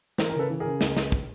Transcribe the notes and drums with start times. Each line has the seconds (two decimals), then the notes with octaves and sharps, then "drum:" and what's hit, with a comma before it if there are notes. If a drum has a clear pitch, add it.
0.18 E3 A#4 C5, drum: snare
0.30 A#4
0.35 C#3 A4 B4
0.50 E3
0.60 C#3 G#4 A#4
0.81 C#2, drum: snare
0.97 C#2, drum: snare
1.12 drum: kick